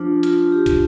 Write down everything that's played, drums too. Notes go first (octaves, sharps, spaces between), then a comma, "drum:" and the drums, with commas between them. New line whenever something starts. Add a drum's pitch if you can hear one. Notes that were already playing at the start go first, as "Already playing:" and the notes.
Already playing: F3 D4 F4
F4, drum: hi-hat
G4
drum: kick, hi-hat